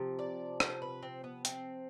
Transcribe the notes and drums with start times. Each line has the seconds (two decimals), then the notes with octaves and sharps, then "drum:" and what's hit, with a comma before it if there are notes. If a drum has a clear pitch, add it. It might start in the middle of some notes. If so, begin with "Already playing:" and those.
Already playing: C3 F3
0.19 D5
0.60 C5, drum: rim click
0.82 B4
1.03 C4
1.24 B3
1.45 C4, drum: hi-hat